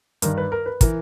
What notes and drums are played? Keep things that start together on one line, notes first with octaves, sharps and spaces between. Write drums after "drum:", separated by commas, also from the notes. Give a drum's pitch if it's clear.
G2 D#3 A#4, drum: hi-hat
B4
A#4
B4
E3 A#4, drum: kick, hi-hat